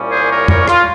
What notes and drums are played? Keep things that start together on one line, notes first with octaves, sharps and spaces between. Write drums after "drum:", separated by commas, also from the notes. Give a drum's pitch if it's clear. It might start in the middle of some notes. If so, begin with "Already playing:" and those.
Already playing: C2 A#2 G3 C#4
G#4 C5
A#4 C#5
A#4 C#5, drum: tom F2
F4, drum: rim click